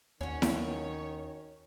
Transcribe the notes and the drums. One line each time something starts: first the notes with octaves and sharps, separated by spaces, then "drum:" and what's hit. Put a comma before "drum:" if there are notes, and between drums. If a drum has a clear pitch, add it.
D#2 D#3 C#4 F#4 C#5
drum: snare E4